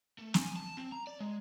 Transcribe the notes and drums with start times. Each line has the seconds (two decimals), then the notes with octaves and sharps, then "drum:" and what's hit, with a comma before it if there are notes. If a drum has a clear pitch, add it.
0.19 A3
0.34 G#5, drum: snare
0.56 A5
0.77 C4
0.92 A#5
1.07 D5
1.20 G#3